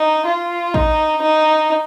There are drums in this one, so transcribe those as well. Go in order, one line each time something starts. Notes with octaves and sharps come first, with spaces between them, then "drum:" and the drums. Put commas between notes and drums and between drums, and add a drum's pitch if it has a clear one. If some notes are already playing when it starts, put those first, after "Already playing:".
Already playing: D#4
F4
D#4, drum: kick A1
D#4